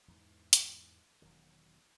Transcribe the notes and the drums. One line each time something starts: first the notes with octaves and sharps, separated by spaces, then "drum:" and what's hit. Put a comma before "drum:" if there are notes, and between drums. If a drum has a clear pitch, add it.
E2 G#2 E3
drum: hi-hat
E1 D#3 F#3